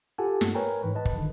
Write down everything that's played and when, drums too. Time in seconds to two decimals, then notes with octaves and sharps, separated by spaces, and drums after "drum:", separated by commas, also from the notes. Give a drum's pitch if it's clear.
0.18 F4 G4 A4 F#5 G#5 A5
0.41 G2, drum: snare
0.55 A#4 B4 C#5 G5 G#5 A#5
0.83 G#2 E3 B4
0.95 B4 D#5 A5
1.05 drum: kick
1.15 G1 D3 D#3